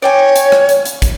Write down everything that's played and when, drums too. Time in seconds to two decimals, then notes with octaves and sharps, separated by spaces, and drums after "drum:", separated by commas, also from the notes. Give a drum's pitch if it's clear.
0.02 C#5 D5 G5 G#5
0.36 drum: hi-hat
0.52 drum: rim click
0.69 drum: hi-hat
0.85 drum: hi-hat
1.02 drum: kick, hi-hat